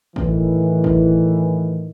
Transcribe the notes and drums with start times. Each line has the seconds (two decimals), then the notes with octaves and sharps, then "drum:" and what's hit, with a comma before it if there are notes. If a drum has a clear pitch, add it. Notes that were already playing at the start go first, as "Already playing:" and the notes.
0.16 A2 D#3 E3, drum: kick
0.84 drum: kick